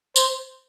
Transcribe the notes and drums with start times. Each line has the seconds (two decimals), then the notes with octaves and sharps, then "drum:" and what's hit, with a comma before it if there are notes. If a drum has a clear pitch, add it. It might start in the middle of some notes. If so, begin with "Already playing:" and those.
0.16 C5, drum: tambourine